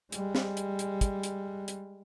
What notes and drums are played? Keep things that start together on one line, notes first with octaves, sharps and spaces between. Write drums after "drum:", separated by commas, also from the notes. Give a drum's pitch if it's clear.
G3 G#3, drum: hi-hat
drum: snare
drum: hi-hat
drum: hi-hat
drum: kick, hi-hat
drum: hi-hat
drum: hi-hat